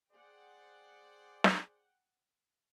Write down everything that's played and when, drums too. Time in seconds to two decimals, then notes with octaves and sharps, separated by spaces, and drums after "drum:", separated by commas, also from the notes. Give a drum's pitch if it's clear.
0.12 G#4 C5 D5 F#5 G5
1.44 drum: snare